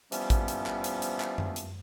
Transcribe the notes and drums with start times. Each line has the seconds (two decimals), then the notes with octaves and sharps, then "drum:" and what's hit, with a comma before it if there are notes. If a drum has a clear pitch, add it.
0.12 C3 E3 F3 G3 B3 C#4, drum: hi-hat
0.30 drum: kick A1, hi-hat
0.48 drum: hi-hat
0.66 drum: clap
0.84 drum: hi-hat
1.02 drum: hi-hat
1.20 drum: clap
1.38 drum: tom F#2
1.56 drum: hi-hat